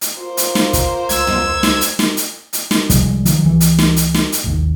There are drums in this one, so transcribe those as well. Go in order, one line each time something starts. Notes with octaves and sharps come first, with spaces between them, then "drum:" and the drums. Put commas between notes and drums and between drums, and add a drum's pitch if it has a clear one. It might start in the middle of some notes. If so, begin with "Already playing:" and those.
drum: hi-hat
A#3 F4 C5
drum: hi-hat
drum: snare
drum: kick, hi-hat
C#2 G#3 E6 G#6, drum: hi-hat
drum: tom
drum: snare
drum: hi-hat
drum: snare
drum: hi-hat
drum: hi-hat
drum: snare
C2 F3 G3 G#3, drum: kick, hi-hat
D#3 F3 F#3, drum: hi-hat
C#2 E3
drum: hi-hat
drum: snare
drum: hi-hat
drum: snare
drum: hi-hat
G#1 D#2